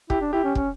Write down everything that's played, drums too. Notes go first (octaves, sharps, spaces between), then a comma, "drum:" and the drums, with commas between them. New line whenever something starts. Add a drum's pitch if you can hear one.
E4 G4, drum: kick
D4
E4 G4
C#4
C#4, drum: kick